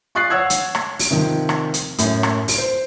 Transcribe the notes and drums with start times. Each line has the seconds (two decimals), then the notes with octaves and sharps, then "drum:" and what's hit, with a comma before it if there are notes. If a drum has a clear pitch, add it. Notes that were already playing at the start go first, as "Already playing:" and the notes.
0.15 F4 C#6 F#6 A6 C7
0.30 C#5 F#5 E6 F#6 G#6
0.50 drum: hi-hat
0.75 drum: rim click
0.99 drum: open hi-hat
1.11 C3 D#3 F3
1.49 drum: rim click
1.74 drum: hi-hat
1.98 F#2 A2, drum: hi-hat
2.23 drum: rim click
2.48 drum: open hi-hat
2.58 C5